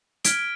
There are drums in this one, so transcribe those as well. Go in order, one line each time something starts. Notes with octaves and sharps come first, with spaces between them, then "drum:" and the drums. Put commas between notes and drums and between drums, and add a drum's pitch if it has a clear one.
F6 G#6 B6 D7 G7, drum: hi-hat